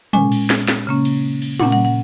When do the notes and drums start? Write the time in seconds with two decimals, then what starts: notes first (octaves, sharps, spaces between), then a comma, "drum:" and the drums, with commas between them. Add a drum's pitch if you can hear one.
0.13 A#2 G#3 C#4 G#5, drum: tom
0.32 drum: cymbal
0.50 drum: snare
0.68 drum: snare
0.87 C#3 A#3 C#4
1.05 drum: cymbal
1.42 drum: cymbal
1.60 A#2 A#3 C#4 F#5, drum: tom
1.72 F#5
1.85 F#5